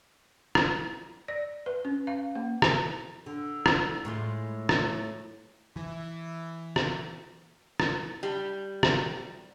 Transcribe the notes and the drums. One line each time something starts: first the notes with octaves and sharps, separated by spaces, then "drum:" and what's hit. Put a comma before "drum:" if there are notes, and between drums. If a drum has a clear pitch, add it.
drum: rim click
D5
B4
C#4
F5
A#3
drum: rim click
D3
drum: rim click
A2 G#3 F4
drum: rim click
E3
drum: rim click
drum: rim click
G3
drum: rim click